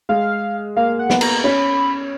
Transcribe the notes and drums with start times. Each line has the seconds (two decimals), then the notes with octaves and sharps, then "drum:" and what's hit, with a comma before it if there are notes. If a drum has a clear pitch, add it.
0.09 G#3 F5
0.76 A#3 F5
0.99 F#5
1.10 B3, drum: snare
1.21 A#5, drum: cymbal
1.44 C#4 B5